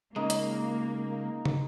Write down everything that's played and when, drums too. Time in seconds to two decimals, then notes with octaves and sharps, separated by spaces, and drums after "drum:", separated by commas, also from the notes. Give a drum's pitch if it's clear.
0.16 C#3 G#3 A#3 D#4
0.30 drum: hi-hat
1.45 drum: tom